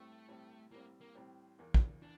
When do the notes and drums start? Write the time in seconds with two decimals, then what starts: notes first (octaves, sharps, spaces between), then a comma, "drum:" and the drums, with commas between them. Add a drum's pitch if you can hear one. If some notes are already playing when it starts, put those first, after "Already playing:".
Already playing: A2 G3 A3 C4
0.28 A2 G3 C4
0.71 A2 G3 A#3 C4
1.01 A#3
1.15 A2 G3 C4
1.59 E2 E3 A#3
1.74 drum: kick
2.02 E3 D4